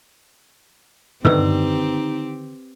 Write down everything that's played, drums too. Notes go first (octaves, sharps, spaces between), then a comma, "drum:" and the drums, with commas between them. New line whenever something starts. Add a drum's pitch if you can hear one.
D3 D#3 C4 D#4 G4 B4 E6, drum: tom